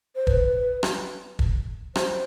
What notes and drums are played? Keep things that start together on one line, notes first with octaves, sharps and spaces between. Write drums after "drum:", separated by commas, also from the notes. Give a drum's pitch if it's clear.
C5
B4, drum: kick
drum: rim click
drum: kick
C5, drum: rim click